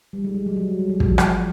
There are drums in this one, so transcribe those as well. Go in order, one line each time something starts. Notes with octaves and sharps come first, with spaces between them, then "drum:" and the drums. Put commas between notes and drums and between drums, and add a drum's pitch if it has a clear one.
G3
G#3
G3
F#3
F#3
G3
G3
F#3
F3, drum: kick
drum: rim click